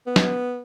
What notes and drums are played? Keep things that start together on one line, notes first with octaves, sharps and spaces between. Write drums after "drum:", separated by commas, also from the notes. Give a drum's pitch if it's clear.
B3
drum: snare